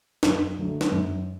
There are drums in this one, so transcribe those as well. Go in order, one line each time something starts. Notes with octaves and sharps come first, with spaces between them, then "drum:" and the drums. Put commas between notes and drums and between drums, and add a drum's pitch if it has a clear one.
F#2, drum: snare
D3 F#3 A3
drum: snare
F#2